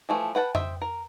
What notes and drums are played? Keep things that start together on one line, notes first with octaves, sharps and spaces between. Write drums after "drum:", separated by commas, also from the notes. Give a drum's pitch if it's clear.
E3 F3 A3
B4 F#5 G5 A5
C5 D#5 E5 G5, drum: tom F2
A#4